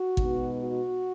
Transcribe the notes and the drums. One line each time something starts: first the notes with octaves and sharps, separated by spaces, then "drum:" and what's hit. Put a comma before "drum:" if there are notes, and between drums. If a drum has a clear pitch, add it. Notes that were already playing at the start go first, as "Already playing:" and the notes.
Already playing: F#4
B2 G#3 B3 D#4, drum: kick
F#4